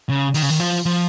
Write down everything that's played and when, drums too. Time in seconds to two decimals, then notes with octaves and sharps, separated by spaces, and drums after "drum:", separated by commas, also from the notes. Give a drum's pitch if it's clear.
0.09 C#3
0.34 D#3, drum: open hi-hat
0.42 C#3
0.50 D#3
0.60 F3
0.86 F3